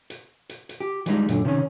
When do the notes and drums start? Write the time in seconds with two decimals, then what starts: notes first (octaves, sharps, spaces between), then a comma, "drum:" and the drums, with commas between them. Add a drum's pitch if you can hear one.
0.10 drum: hi-hat
0.49 drum: hi-hat
0.69 drum: hi-hat
0.80 G4
1.06 E3 G3 G#3 D#4, drum: hi-hat
1.28 F#2 A#2 D3, drum: hi-hat
1.45 C3 D#3 C#4